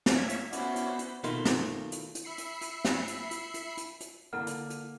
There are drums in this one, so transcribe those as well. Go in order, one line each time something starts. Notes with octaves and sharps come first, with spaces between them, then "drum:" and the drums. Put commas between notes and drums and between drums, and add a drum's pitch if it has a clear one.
drum: snare
A#3 C#5 E5
drum: hi-hat
B3 C#4 F#4 C5 D5 E5 B5, drum: hi-hat
drum: hi-hat
drum: hi-hat
B2 D#3 A3 F4, drum: hi-hat
drum: snare
drum: hi-hat
drum: hi-hat
E5 B5 C7 C#7
drum: hi-hat
drum: hi-hat
drum: snare
drum: hi-hat
drum: hi-hat
drum: hi-hat
drum: hi-hat
drum: hi-hat
D3 A#3 E4 A4 F#5 F6
drum: hi-hat
drum: hi-hat